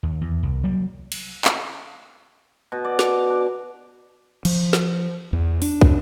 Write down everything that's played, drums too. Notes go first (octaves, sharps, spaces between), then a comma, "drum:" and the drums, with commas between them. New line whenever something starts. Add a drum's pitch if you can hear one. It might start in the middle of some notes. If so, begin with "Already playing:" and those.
D#2
E2
C2
F#3 G3 A#3
drum: cymbal
drum: clap
B2
D5
D6, drum: snare
D4
F3, drum: cymbal
drum: snare
E2
D4, drum: open hi-hat
drum: kick